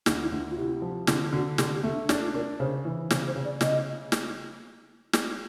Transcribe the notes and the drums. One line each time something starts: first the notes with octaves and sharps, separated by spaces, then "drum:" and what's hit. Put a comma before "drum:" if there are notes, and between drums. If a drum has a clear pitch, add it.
D2 D#4, drum: snare
E4
D2
E4
F4
C3 E4
F3
D3 E4, drum: snare
D3 F#4
D3 G4, drum: snare
G4
A3
D4
D4 D#4, drum: snare
F4
D4 A#4
C#3 C5
E3
C#3, drum: snare
C5
C#3
D5
C#3 D#5, drum: snare
drum: snare
drum: snare